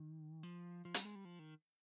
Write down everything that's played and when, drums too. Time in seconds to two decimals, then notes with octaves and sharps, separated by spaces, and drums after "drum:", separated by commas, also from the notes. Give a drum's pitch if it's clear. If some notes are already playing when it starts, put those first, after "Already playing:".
Already playing: D#3
0.43 F3
0.85 F3
0.94 G3, drum: hi-hat
1.05 G#3
1.15 G3
1.25 F3
1.39 D#3